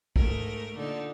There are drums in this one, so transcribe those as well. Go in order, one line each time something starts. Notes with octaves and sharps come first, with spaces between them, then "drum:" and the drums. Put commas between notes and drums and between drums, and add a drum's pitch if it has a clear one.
G#2 A3 A#4, drum: kick
A#2 D3 D#4